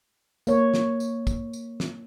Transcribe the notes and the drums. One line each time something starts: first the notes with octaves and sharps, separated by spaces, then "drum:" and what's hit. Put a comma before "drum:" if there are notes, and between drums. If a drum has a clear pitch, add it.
A#3 C#5, drum: tambourine
drum: snare
drum: tambourine
drum: kick, tambourine
drum: tambourine
drum: snare